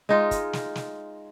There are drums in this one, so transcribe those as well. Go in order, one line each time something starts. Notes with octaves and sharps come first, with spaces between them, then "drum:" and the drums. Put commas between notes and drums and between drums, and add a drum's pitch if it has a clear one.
G#3 D#4 F4
drum: kick, hi-hat
drum: snare
drum: snare